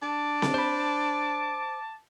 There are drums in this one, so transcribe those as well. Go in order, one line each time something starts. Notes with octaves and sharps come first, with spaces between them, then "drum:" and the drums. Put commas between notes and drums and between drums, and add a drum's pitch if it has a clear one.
D4 A5 D6
drum: snare C4
C5 B5